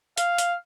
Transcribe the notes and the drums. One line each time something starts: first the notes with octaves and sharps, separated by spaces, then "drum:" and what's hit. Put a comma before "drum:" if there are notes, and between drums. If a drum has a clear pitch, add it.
F5, drum: hi-hat
drum: hi-hat